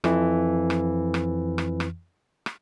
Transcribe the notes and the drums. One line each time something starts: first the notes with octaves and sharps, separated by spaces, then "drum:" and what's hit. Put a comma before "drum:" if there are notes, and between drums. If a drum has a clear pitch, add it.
F2 E3, drum: rim click
drum: rim click
drum: rim click
drum: rim click
drum: rim click
drum: rim click